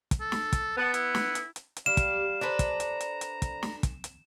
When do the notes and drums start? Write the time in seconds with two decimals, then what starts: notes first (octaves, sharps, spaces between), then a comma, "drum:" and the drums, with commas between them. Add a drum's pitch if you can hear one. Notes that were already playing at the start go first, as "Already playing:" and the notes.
0.11 drum: kick, hi-hat
0.20 A4
0.32 drum: snare
0.53 drum: kick, hi-hat
0.77 B3 A5
0.94 E4, drum: hi-hat
1.15 drum: snare
1.35 drum: hi-hat
1.56 drum: hi-hat
1.77 drum: hi-hat
1.86 G3 G4 F5 E7
1.97 drum: kick, hi-hat
2.41 D4 A4 B4 C5 D5 A#5
2.59 drum: kick, hi-hat
2.80 drum: hi-hat
3.01 drum: hi-hat
3.21 drum: hi-hat
3.42 drum: kick, hi-hat
3.63 drum: snare
3.83 drum: kick, hi-hat
4.04 drum: hi-hat